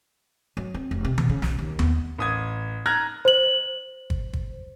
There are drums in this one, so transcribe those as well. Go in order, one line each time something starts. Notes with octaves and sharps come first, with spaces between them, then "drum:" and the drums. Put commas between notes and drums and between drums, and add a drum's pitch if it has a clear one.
F#3
C4
F1
C3
B2, drum: tom D#3
C#3
B1, drum: snare
D#2
B3, drum: tom D#2
A1 D#6 G#6
A#5 F6 F#6 G#6 A#6
C5 F#7
drum: kick
drum: kick